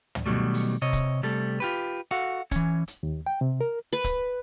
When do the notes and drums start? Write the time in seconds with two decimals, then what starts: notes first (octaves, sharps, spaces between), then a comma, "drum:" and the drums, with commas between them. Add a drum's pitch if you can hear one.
0.15 drum: tom
0.26 B2 D3 D#3 F#3 G3 A3
0.54 drum: open hi-hat
0.82 C3 C#5 D#5
0.93 drum: kick C#1, hi-hat
1.23 C3 G3 A3 A4
1.60 F4 G4 B4
2.11 F#4 A4 F5 F#5
2.51 E3 C#4, drum: kick C#1, hi-hat
2.88 drum: hi-hat
3.03 D#2
3.26 G5
3.41 C3
3.61 A#4
3.93 B4
4.04 drum: kick C#1, hi-hat